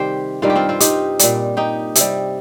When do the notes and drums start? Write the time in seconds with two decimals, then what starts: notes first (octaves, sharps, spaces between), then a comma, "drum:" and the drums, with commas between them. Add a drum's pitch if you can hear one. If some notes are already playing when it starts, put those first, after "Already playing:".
Already playing: C3 D#3 G3 G4 C5
0.42 G2 D#3 G3 F4 A#4
0.50 G4
0.55 C4 F4
0.69 C4 F4
0.80 D#4 G4, drum: hi-hat
1.19 A#2 G3, drum: hi-hat
1.57 D#4 G4
1.95 C3 G3, drum: hi-hat